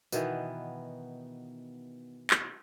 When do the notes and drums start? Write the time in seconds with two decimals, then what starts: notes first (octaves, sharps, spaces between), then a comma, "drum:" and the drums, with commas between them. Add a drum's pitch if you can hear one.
0.12 B2 D#3 E3 B3, drum: tambourine
2.30 drum: clap